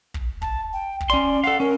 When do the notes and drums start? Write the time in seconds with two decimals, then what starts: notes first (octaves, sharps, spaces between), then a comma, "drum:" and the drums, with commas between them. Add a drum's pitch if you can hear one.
0.14 drum: kick
0.42 A5, drum: kick
0.73 G5
1.00 drum: kick
1.10 C#4 D5 C6
1.44 A4 F5 F#5
1.60 C#4 A#4